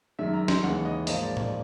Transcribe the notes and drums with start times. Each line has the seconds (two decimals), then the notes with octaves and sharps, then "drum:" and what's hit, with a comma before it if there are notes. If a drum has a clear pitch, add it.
0.19 F#2 D#3 G#3 E5
0.34 A#5
0.48 C6, drum: snare
0.63 D#2 C#3 E3 G#3 F#5
0.85 D#5
1.07 G#2 F3 A#3 D#5, drum: open hi-hat
1.22 D5
1.37 D5, drum: tom A2